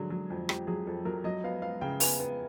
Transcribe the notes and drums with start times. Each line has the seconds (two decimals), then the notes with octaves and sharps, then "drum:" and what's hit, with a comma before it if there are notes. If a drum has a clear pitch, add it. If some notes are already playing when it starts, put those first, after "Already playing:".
Already playing: D3 F#3 G#4
0.10 F#3
0.30 F2
0.49 F2 G4, drum: rim click
0.67 F#3 G#4
0.86 F2 A4
1.05 F#3 A#4
1.24 F#3 D#5
1.44 B3 F5
1.62 B3 F5
1.81 C#3 G5
2.00 B3 G#5, drum: open hi-hat
2.20 B3